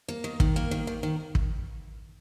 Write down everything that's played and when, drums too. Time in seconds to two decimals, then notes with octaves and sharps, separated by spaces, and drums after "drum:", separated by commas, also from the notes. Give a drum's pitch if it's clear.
0.08 A#3
0.24 D#3
0.40 D#3, drum: kick
0.56 A#3
0.71 D#3
0.87 D#3
1.03 D#3
1.35 drum: kick